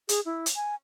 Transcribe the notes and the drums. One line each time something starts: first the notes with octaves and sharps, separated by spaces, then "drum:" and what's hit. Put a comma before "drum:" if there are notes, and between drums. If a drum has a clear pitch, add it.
G#4, drum: hi-hat
E4
drum: hi-hat
G#5